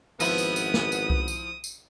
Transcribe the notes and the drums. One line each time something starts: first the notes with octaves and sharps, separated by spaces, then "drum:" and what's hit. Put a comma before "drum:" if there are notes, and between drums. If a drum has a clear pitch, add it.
G#1 F3 B3 E4 D#6, drum: tambourine
drum: tambourine
drum: tambourine
drum: snare
drum: tambourine
drum: kick C2
drum: tambourine
drum: tambourine